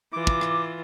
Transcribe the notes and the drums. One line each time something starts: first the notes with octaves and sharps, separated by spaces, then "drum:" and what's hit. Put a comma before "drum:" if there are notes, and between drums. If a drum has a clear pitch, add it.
E3 F4 D6
drum: kick
drum: rim click